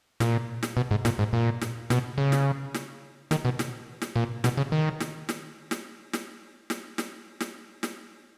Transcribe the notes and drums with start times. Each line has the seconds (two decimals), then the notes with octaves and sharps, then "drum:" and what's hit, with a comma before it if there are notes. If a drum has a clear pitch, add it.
0.20 A#2, drum: snare
0.63 drum: snare
0.77 B2
0.91 G#2
1.05 A#2, drum: snare
1.19 G#2
1.33 A#2
1.61 drum: snare
1.90 B2, drum: snare
2.18 C#3
2.32 drum: snare
2.74 drum: snare
3.31 D#3, drum: snare
3.45 B2
3.59 drum: snare
4.02 drum: snare
4.16 A#2
4.44 B2, drum: snare
4.57 C#3
4.72 D#3
5.00 drum: snare
5.29 drum: snare
5.71 drum: snare
6.13 drum: snare
6.70 drum: snare
6.98 drum: snare
7.40 drum: snare
7.83 drum: snare